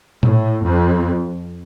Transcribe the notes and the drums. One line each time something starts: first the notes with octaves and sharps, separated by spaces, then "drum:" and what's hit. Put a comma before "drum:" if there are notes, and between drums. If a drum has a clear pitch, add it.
A2, drum: tom A#2
F2